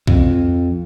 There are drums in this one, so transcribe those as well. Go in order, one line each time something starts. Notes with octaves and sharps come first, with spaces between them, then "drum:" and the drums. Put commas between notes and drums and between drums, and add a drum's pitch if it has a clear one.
F2, drum: kick